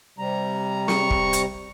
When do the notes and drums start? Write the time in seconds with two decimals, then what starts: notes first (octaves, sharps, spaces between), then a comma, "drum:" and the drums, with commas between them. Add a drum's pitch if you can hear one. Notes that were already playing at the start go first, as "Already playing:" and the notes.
0.19 C3 G3 A#5
0.88 C#6, drum: snare
1.10 drum: kick
1.33 drum: hi-hat